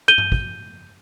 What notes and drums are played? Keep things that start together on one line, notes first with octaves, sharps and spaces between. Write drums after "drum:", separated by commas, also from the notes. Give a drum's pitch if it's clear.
G6 D#7 G7
drum: tom G2
drum: kick